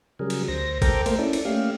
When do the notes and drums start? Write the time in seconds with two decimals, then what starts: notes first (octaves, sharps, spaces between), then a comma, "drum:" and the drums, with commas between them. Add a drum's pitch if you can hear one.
0.19 C#3 F#3 G3 G#4 A#4
0.30 drum: cymbal
0.48 D2 C5 A#6
0.82 A4 A#4 C5 G5 A#5 D6, drum: kick G#1, cymbal
1.06 A3 A#3 A#4 C5, drum: cymbal
1.19 C#4 E4 A4 D5
1.33 drum: cymbal
1.45 A3 A#3 C#4 G4 F5